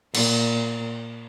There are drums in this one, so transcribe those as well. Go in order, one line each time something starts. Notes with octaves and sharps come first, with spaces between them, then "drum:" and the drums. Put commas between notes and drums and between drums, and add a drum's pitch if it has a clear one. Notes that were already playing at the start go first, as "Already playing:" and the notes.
A#2, drum: cymbal